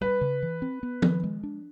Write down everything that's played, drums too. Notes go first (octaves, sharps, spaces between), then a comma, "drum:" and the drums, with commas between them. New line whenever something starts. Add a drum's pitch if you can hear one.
G3 B4
C#3
E3
C4
B3
D#3, drum: tom
G#3
D4